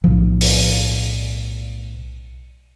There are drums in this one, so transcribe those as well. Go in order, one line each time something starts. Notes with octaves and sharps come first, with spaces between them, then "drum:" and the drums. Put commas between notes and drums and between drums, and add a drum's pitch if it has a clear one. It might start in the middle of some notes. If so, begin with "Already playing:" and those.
B1 A2 F3
drum: open hi-hat